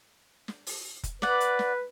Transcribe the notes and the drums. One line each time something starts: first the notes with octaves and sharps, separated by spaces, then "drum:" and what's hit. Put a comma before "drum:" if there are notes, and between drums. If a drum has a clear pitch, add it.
drum: snare
drum: open hi-hat
drum: kick F1, hi-hat
B4 D5 F#5, drum: snare
drum: hi-hat
drum: snare